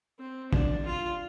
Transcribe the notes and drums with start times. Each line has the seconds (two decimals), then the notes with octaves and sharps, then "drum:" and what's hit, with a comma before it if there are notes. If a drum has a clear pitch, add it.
0.19 C4
0.53 D4, drum: kick
0.85 F4